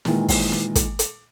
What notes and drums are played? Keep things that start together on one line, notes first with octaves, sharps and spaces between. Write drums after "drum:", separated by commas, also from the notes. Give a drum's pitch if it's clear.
A#2 D#3 E3 G#3, drum: snare
drum: kick, open hi-hat
drum: snare
drum: kick, hi-hat
drum: hi-hat